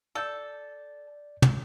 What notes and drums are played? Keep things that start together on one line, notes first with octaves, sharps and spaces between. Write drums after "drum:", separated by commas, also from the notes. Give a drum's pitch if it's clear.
A4 D5 G6
drum: tom